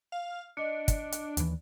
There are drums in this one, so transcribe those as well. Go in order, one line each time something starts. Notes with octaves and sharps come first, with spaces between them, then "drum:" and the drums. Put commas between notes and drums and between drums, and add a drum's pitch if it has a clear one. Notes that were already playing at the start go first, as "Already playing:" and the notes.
F5
D4 D#5 C#7
drum: kick, hi-hat
drum: hi-hat
D#2 E3, drum: hi-hat